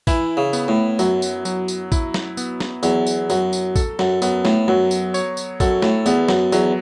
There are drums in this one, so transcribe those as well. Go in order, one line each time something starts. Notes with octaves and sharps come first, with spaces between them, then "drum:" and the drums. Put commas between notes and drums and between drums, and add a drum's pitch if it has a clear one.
E3 E4, drum: kick A#1, tambourine
C#3
B3, drum: tambourine
A2
F#2 F#3, drum: tambourine
drum: tambourine
F#3, drum: tambourine
drum: tambourine
E4, drum: kick A#1, tambourine
drum: snare
B3, drum: tambourine
drum: snare
E2 F#3, drum: tambourine
drum: tambourine
F#2 F#3, drum: tambourine
drum: tambourine
A4, drum: kick A#1, tambourine
F#2, drum: snare
F#2 B3, drum: tambourine
A2, drum: snare
F#2 F#3
drum: tambourine
C#5, drum: tambourine
drum: tambourine
F#2 A4, drum: kick A#1, tambourine
A2, drum: snare
E2 B3, drum: tambourine
F#2, drum: snare
E2 F#3, drum: tambourine